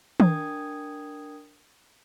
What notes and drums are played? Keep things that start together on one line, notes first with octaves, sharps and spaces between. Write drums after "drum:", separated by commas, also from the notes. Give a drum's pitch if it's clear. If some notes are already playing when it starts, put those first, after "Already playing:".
D4 A#4 G5 D#6 G#6, drum: tom